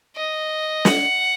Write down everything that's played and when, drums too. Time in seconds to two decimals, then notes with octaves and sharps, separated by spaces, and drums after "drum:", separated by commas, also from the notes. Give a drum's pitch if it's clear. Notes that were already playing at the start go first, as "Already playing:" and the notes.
0.16 D#5
0.85 F#5, drum: snare